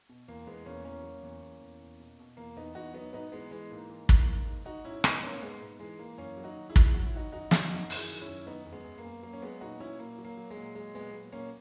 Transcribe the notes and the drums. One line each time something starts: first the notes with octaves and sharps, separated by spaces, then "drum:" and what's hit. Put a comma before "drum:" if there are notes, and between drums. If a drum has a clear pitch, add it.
B2
E2 A#3
E2 G#3 B3
E2 A#3 C#4
E2 A#3 C#4
F#3
E2
E2
E2
E2
B2
B2
E2 A#3
E2 B3 D#4
E2 D#4 F#4
F#3 B3 D#4
G#2 B3 D#4
E3 G#3 B3
E3 G#3
G#2 A#3
E3
G#2, drum: kick
G#2
G#2
G#2 D#4 F#4
G#2 C#4 E4
G#2 B3 D#4, drum: rim click
G#2 A#3 C#4
G#2 G#3 B3
G#2
E3 G#3
E3 A#3
F#2 A#3 C#4
F#3
D#4 F#4
D#3
E4 G#4
D#3, drum: kick
F#3 F#4
E4
D#3 D#4 F#4
F#2 D#4 F#4
F#3, drum: snare
F#2 D#4 F#4
F#2, drum: open hi-hat
E4 G#4
D#3
C#4 E4
F#2
D#3 B3 D#4
F#2
G#3 B3
F#2
A#3
F#2
F#3 A#3
C#4
F#3 G#3 B3
A#2 D#4 F#4
F#3 C#4 E4
A#2 A#3
F#3
A#3
F#3
G#3
A#2
F#3 G#3
A#2 G#3 B3
F#3
A#2 A#3 C#4